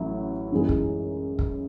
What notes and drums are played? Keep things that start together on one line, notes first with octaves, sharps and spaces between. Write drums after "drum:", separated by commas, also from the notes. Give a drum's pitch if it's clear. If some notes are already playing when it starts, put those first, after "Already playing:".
Already playing: A1 A2 F#3 C#4 E4
F#2 E3 G#3
drum: kick
drum: kick